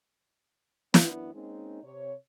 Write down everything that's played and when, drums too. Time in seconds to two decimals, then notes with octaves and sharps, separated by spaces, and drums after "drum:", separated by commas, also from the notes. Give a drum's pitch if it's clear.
0.94 F#2 E3 B3 D4 E4, drum: snare
1.33 G#3 A#3 C4 C#4 D#4
1.83 C3 C#5